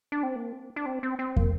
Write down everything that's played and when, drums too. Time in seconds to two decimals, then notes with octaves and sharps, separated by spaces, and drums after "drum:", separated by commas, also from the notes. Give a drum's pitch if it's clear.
0.12 D4
0.23 C4
0.36 A#3
0.52 C4
0.76 D4
0.86 C4
1.03 C4
1.19 C4
1.36 A#3, drum: kick